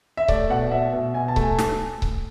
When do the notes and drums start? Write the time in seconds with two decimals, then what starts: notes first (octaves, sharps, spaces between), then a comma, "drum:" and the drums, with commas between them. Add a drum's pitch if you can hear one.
0.17 E5
0.28 A3 D5, drum: kick C#1
0.50 B2 F#5
0.72 B2 E5
0.93 B2
1.14 B2 G#5
1.28 A5
1.36 A3, drum: kick C#1
1.42 G#5
1.58 drum: snare
2.02 drum: kick C#1